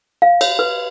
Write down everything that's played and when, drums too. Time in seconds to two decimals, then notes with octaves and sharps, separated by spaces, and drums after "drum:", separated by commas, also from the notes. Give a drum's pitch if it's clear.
0.22 F5
0.41 C#5, drum: cymbal
0.59 B4